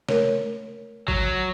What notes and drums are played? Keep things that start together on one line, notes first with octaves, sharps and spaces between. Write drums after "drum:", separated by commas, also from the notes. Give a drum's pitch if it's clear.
A3 A#4 C#5, drum: snare
F#3, drum: kick